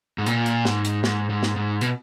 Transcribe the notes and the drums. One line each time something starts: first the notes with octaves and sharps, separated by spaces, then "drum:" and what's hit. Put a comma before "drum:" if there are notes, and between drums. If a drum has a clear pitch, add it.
G#2
A#2, drum: hi-hat
drum: hi-hat
G#2, drum: snare
drum: hi-hat
G#2, drum: snare
G#2
drum: snare
G#2
B2, drum: hi-hat